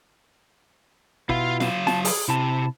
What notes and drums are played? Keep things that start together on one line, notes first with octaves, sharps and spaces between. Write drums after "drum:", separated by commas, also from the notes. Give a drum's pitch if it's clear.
B2 E4 F4 F5, drum: kick
F#3 F5, drum: snare
A5, drum: snare
G#4, drum: open hi-hat
C3 E4 A5